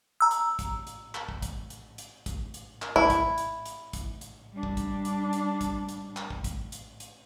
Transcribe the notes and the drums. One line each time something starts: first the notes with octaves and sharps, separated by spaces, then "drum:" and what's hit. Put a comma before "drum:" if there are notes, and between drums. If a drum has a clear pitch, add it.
A#5 E6
drum: hi-hat
drum: kick, hi-hat
drum: hi-hat
drum: clap
drum: kick
drum: kick, hi-hat
drum: hi-hat
drum: hi-hat
drum: kick, hi-hat
drum: hi-hat
drum: clap
E4, drum: kick
drum: kick, hi-hat
drum: hi-hat
drum: hi-hat
drum: kick, hi-hat
drum: hi-hat
G3 D4
drum: kick
drum: kick, hi-hat
drum: hi-hat
drum: hi-hat
drum: kick, hi-hat
drum: hi-hat
drum: clap
drum: kick
drum: kick, hi-hat
drum: hi-hat
drum: hi-hat